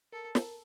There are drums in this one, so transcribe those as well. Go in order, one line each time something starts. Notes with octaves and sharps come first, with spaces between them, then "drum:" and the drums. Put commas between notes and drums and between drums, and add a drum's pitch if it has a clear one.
A4 A#4
A#4, drum: snare